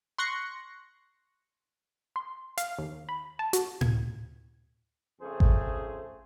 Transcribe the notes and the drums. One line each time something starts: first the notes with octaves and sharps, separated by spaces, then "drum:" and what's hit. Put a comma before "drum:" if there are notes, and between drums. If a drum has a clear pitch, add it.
C6 C#6 F#6 A#6 C#7
C6
F5, drum: hi-hat
D#2
B5
A5
F#4, drum: hi-hat
G#6, drum: tom A2
F2 C#3 A3 G#4 C5
drum: kick G#1